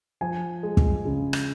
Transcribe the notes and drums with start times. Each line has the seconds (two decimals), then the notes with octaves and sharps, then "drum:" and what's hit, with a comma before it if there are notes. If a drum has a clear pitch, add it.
0.21 F3 G#5
0.63 G#3
0.77 drum: kick
1.05 C#3
1.33 drum: rim click